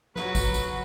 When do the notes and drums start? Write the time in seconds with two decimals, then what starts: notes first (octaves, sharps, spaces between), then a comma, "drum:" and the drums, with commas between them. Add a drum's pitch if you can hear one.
0.16 F#3 F#4 B4, drum: snare
0.35 drum: kick, tambourine
0.54 drum: tambourine